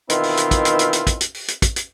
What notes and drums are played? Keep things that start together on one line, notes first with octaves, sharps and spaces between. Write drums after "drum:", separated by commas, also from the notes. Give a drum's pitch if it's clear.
B2 D#3 E3 C4 E4 F4, drum: hi-hat
drum: open hi-hat
drum: hi-hat
drum: kick, hi-hat
drum: hi-hat
drum: hi-hat
drum: hi-hat
drum: kick, hi-hat
drum: hi-hat
drum: open hi-hat
drum: hi-hat
drum: kick, hi-hat
drum: hi-hat